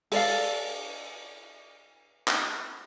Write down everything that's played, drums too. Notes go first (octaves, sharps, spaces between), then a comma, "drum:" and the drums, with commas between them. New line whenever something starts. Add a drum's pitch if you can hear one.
A4 D5 F5, drum: open hi-hat
drum: clap